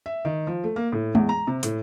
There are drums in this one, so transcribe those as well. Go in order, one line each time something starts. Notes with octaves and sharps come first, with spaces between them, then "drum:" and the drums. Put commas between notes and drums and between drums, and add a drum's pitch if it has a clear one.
E5
D#3
F3
A3
A#3
A2
E2, drum: tom G#3
A#5
C3
A2, drum: hi-hat